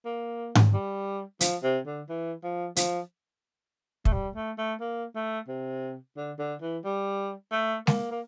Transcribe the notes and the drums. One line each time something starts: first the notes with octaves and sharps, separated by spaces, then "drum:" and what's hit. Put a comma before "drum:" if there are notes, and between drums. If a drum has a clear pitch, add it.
A#3
drum: tom G#2
G3
F3, drum: hi-hat
C3
D3
E3
F3
F3, drum: hi-hat
A3, drum: kick
G3
A3
A3
A#3
A3
C3
D3
D3
E3
G3
A3
A#3, drum: snare
A#3